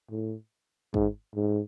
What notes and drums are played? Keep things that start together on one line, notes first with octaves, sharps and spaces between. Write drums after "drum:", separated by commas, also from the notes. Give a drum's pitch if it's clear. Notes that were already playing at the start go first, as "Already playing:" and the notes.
A2
G#2, drum: kick
G#2